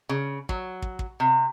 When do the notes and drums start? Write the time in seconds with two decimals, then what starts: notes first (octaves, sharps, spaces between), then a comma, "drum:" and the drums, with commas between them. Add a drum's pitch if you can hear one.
0.09 C#3
0.49 F#3, drum: kick
0.82 drum: kick
0.99 drum: kick
1.20 C3